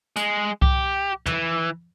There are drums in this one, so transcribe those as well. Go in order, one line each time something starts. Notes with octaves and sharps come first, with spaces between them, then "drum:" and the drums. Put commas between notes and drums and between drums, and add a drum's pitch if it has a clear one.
G#3, drum: hi-hat
G4, drum: kick C2
E3, drum: tom